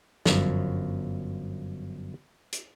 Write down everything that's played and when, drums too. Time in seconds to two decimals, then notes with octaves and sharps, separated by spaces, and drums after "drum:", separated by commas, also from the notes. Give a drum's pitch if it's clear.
0.26 G1 F#2 F3, drum: snare
2.52 drum: hi-hat